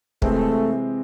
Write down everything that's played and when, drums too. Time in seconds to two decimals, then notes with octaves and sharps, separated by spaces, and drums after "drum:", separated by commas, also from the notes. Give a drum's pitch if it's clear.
0.22 C3 E3 G#3 A3 C4, drum: kick